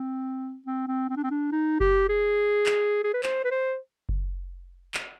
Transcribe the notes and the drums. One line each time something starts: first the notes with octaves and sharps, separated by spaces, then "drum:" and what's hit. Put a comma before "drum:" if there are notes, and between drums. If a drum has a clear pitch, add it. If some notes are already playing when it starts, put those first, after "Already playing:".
Already playing: C4
C4
C4
C4
D4
C4
D4
D#4
G4, drum: kick F#1
G#4
drum: clap
G#4
B4
C5, drum: clap
B4
C5
drum: kick F#1
drum: clap